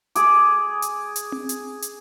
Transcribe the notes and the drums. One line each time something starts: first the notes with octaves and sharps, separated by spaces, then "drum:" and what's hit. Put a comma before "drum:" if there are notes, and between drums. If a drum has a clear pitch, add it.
G#4 D6, drum: hi-hat
drum: hi-hat
drum: hi-hat
drum: tom C4
drum: hi-hat
drum: hi-hat